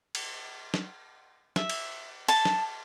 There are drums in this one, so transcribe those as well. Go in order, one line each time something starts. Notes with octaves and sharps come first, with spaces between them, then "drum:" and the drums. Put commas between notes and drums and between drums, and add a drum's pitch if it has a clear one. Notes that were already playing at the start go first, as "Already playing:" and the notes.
drum: cymbal
drum: snare
E5, drum: snare
drum: cymbal
A5, drum: cymbal
drum: snare